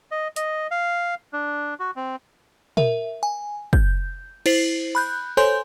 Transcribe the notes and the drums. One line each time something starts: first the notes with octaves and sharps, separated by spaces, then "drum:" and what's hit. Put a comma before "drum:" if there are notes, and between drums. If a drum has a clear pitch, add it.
D#5
D#5, drum: hi-hat
F5
D4
F#4
C4
A#4 E5, drum: tom
G#5
G6, drum: kick
E4 C5 C7 F#7, drum: cymbal
B5 F#6 G6
A4 C5 C#5 G#5 C6 G6